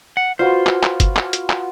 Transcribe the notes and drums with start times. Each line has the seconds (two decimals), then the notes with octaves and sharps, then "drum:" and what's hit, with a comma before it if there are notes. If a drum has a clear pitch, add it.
0.17 F#5
0.39 F4 F#4 B4 C5
0.67 drum: clap
0.83 drum: clap
1.00 drum: kick, hi-hat
1.17 drum: clap
1.33 drum: hi-hat
1.50 drum: clap